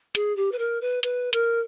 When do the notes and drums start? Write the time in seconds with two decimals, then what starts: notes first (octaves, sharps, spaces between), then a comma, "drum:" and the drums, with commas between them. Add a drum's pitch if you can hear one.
0.15 G#4, drum: hi-hat
0.36 G4
0.52 B4
0.59 A#4
0.81 B4
1.03 B4, drum: hi-hat
1.33 A#4, drum: hi-hat